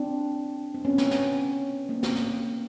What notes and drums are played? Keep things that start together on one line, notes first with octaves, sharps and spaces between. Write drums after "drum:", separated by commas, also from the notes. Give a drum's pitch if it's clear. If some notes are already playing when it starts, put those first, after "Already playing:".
Already playing: C4 D4
C4
B3 C#4
drum: snare
drum: snare
A#3 C4
drum: snare
drum: snare